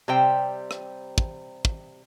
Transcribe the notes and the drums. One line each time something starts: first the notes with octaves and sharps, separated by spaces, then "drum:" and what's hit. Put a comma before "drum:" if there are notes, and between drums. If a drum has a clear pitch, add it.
C3 G3 C5 G5
drum: rim click
drum: kick
drum: kick